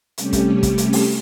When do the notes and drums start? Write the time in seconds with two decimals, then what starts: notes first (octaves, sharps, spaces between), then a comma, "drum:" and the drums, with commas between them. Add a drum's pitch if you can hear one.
0.18 C3 G3 A3 C#4 G4, drum: hi-hat
0.33 drum: kick, hi-hat
0.63 drum: kick, hi-hat
0.78 drum: hi-hat
0.93 drum: open hi-hat